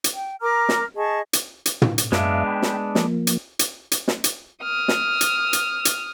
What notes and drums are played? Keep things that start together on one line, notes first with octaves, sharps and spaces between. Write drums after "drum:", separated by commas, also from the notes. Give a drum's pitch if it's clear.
drum: hi-hat
G5
A#4 A#5 D6 F6
drum: snare
G#4 D#5 A5 C#6
drum: hi-hat
drum: hi-hat
drum: tom
drum: hi-hat
F#2 G#3 B3 D4 E5 F5, drum: snare
G5 B5
drum: snare
F3 A#3, drum: snare
drum: hi-hat
drum: hi-hat
drum: hi-hat
drum: snare
drum: hi-hat
D#6 F6
drum: snare
drum: hi-hat
drum: hi-hat
drum: hi-hat